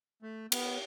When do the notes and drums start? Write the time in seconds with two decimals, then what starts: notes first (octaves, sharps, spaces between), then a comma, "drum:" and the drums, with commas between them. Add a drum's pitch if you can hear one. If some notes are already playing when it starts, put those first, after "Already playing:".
0.22 A3
0.52 B3, drum: cymbal